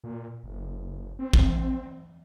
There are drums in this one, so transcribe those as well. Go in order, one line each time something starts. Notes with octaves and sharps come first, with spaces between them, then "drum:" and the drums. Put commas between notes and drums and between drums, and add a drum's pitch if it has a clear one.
A#2
F#1
C4
drum: kick